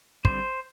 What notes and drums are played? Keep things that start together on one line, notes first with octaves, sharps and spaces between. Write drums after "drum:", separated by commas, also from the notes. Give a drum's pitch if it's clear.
D3 G3 C4 C5, drum: kick